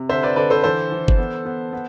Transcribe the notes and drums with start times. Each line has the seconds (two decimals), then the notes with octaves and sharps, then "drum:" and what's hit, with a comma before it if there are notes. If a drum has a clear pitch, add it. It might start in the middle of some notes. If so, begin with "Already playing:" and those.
Already playing: C3
0.09 D3 C5 E5
0.23 B4 D5
0.36 D3 B4 D5
0.50 A4 C5
0.63 E3 A4 C5
0.92 E3
1.08 drum: kick G1
1.18 B3
1.45 B3
1.73 B3